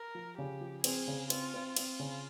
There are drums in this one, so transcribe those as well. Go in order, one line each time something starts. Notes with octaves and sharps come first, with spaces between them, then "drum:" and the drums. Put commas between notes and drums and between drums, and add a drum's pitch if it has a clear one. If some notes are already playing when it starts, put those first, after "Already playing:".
Already playing: A#4
F3
C#3 G4
F3
C4 G#4, drum: cymbal
C#3
C4 F4, drum: cymbal
C4
C4 F4, drum: cymbal
C#3